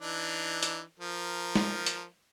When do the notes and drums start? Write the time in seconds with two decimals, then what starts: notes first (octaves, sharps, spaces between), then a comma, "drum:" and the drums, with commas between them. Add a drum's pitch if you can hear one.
0.01 E3 D4 D#4
0.63 drum: hi-hat
0.99 F3 A#4
1.55 drum: snare
1.86 drum: hi-hat